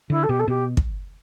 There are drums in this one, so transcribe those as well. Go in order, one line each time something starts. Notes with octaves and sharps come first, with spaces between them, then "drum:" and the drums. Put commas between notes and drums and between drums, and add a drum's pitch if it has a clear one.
D3 E4
A4
B2 G4
A4
B2 G4
drum: kick